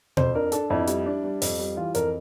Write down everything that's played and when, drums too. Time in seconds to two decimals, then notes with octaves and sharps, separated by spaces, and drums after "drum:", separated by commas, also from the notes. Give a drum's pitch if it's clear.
0.17 F2 C5, drum: tom B2
0.34 D4 A#4
0.52 D4 A4, drum: hi-hat
0.70 F2 E4
0.87 G3, drum: hi-hat
1.06 D4
1.24 G3
1.42 F2, drum: open hi-hat
1.59 G3
1.77 E3 F4
1.95 F2 A#4, drum: hi-hat